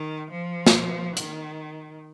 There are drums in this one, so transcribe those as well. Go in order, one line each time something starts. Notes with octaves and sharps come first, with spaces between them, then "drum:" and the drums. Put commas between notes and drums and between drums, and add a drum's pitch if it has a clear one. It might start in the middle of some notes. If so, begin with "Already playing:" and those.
Already playing: D#3
F3
drum: snare
D#3, drum: hi-hat